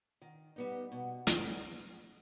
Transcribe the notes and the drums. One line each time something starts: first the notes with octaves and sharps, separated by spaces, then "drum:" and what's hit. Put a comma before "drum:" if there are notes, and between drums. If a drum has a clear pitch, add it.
D#3
G3 B3 D#4
B2
drum: hi-hat